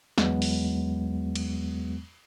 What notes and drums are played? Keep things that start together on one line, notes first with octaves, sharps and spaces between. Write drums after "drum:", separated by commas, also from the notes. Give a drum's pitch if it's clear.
E2 F#3 G#3 B3, drum: snare
drum: open hi-hat
drum: cymbal